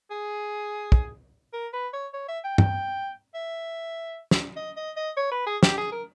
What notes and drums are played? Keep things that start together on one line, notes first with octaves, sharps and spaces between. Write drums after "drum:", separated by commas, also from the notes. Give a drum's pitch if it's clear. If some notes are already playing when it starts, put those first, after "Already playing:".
G#4
drum: kick
A#4
B4
C#5
C#5
E5
G5
G5, drum: tom
E5
drum: snare
D#5
D#5
D#5
C#5
B4
G#4
G4, drum: snare
G#4
A#4